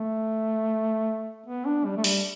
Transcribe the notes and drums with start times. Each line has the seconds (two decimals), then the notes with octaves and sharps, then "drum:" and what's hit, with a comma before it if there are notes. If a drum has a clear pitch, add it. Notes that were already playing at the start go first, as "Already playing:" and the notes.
Already playing: A3
1.46 B3
1.65 D4
1.85 G3
1.97 A3
2.04 G3, drum: open hi-hat